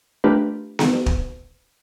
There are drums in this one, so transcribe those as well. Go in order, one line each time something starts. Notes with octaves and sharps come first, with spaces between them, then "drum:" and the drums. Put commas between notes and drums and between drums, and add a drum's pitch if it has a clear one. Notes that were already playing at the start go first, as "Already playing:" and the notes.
A3 D4 F4 G4 A#4 B4
drum: snare B3
drum: kick